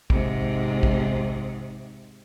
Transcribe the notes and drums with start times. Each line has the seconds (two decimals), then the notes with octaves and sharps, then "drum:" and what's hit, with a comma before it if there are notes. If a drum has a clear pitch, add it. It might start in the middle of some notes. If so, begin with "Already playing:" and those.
0.10 G#2 C3, drum: kick
0.83 drum: kick